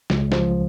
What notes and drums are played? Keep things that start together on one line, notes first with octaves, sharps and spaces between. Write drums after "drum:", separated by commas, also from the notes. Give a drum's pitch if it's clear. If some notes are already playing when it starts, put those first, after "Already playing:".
C#2, drum: snare
F3, drum: snare